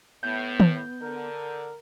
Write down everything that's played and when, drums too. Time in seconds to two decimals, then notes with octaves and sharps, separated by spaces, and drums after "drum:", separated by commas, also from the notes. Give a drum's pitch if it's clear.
0.23 A2 B3 G6
0.60 drum: tom D#3
1.02 D3 A#4